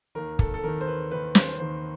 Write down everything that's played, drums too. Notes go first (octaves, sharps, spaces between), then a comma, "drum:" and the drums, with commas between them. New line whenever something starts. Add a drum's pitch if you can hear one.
D#2 D#3 A#4
A4, drum: kick
A4
D#2 D#3 A#4
C5
B4
D#2 D#3 B4
C5, drum: snare
D#2 D#3 C5